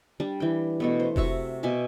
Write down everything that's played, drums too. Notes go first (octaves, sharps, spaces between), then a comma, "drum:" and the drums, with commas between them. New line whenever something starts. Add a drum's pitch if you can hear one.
G3 D4
E3 G5
B2 A3 B3
C5
C3 F#4 E5 C#6, drum: kick F1
B2 E5 G#5 D6